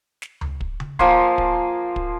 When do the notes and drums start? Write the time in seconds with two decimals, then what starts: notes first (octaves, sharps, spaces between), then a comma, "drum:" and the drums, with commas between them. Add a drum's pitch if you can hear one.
0.22 drum: snare
0.41 drum: tom C#2
0.61 drum: kick
0.80 drum: tom C#3
0.99 F3 A#3 G#5 C6, drum: kick
1.38 drum: kick
1.96 drum: kick